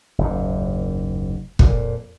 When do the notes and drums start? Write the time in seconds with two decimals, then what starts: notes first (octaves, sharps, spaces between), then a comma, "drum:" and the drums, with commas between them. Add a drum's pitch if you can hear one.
0.18 F#1 D#2 G#2
1.59 F2 A#2, drum: kick